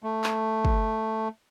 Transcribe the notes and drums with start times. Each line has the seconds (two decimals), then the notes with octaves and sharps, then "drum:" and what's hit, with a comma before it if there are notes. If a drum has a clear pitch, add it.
0.04 A3
0.24 drum: clap
0.65 drum: kick